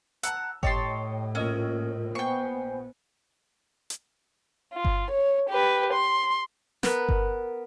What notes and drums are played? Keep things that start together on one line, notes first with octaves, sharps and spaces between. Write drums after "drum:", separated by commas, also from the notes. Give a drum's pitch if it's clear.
F#5 A5 A#5 E6, drum: hi-hat
A2 G4 C#5 D#5 G5 A5 C6, drum: kick G1
A#1 C#4 F4 A#4 D#5 E6
B3 C5 G5 G#5 C#6
drum: hi-hat
F4
drum: kick G1
C#5
G4 B4
C6
B3 A#4 B4, drum: snare
drum: kick G1